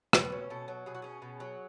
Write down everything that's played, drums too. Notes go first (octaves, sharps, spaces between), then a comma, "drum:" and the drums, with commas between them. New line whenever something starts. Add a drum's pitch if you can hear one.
B2 B4, drum: rim click
C#4
B2 A4
F#3
B2 G#4
F#4
C#4 G#4
B2
F#3